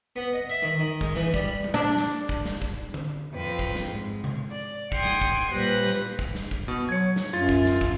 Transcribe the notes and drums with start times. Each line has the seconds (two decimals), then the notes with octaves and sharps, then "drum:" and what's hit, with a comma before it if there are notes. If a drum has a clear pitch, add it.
0.16 B3
0.33 D#5
0.49 E5
0.63 D#3
0.79 D#3
1.01 G#3, drum: kick
1.16 E3, drum: snare
1.34 G3, drum: kick
1.64 drum: tom G3
1.74 D4
1.97 drum: snare
2.29 drum: kick
2.45 drum: snare
2.62 drum: kick
2.94 drum: tom
3.33 F2 C4 B4
3.59 drum: kick
3.75 drum: snare
3.86 G#2
4.24 drum: tom C3
4.50 D5
4.92 F#5 G5 C6 D#6 G#6, drum: kick
5.05 drum: snare
5.21 drum: kick
5.50 A#2 G3 B4 C5 F#6 A#6
5.86 drum: snare
6.19 drum: kick
6.35 drum: snare
6.51 drum: kick
6.68 B2
6.89 F#3 G#6 C#7
7.16 drum: snare
7.33 F#2 F4 A6
7.49 drum: kick
7.65 drum: snare
7.81 drum: kick